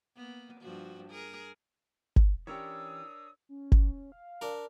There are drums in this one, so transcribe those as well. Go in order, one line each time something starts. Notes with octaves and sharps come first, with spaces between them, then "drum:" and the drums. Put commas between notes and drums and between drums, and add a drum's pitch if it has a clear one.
A#3 B3
G2 F3 F#4
G#4 A#4
drum: kick G1
E3 C#4 D4 G4 A#4 C#5 D#6 E6
C#4
drum: kick G1
F5
D4 A#4